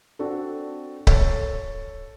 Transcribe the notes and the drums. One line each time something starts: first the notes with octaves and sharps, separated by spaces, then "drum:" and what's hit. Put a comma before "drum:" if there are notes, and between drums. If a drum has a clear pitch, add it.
C4 D4 F#4 A4
A4 C#5, drum: kick C#1